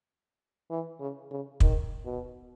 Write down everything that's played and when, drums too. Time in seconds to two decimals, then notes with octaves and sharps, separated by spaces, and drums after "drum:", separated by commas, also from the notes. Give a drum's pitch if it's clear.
0.70 E3
1.00 C#3
1.31 C#3
1.60 D#3, drum: kick
2.05 B2